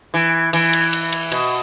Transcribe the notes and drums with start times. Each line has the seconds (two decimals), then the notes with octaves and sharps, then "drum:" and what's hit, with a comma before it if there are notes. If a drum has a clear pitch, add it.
0.14 E3
0.53 E3, drum: cymbal
0.73 drum: cymbal
0.93 drum: cymbal
1.13 drum: cymbal
1.32 B2, drum: cymbal